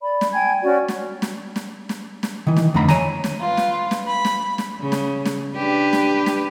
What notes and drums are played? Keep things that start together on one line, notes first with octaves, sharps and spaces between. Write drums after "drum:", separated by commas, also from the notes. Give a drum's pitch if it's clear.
D5 B5
drum: snare
G5 G#5 G#6
C#4 F#4 D5
drum: snare
drum: snare
drum: snare
drum: snare
drum: snare
D#3 E3
drum: snare
F2 D3 D#3 A3 A#5 B5
C#5 G#5 A#5, drum: snare
drum: snare
F4 B4
drum: snare
drum: snare
B5
drum: snare
drum: snare
C#3
drum: snare
drum: snare
D4 G4 B4
drum: snare
drum: snare